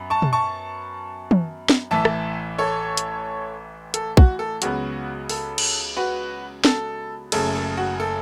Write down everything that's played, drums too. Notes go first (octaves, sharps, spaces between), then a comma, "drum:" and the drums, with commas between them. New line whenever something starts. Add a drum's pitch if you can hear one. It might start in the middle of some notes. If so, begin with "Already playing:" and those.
Already playing: F#2 B3
A5 C#6
drum: tom
A5 C#6
drum: tom
drum: snare
A1 A2 E3 E5 A5
drum: rim click
A4 C#5
drum: hi-hat
A4, drum: hi-hat
F#4, drum: kick
A4
C#2 C#3 F#3 B3 F#4, drum: hi-hat
A4, drum: open hi-hat
drum: cymbal
F#4 B4
A4, drum: snare
F#1 F#2 C#3 A3 A4, drum: cymbal
A4
F#4
A4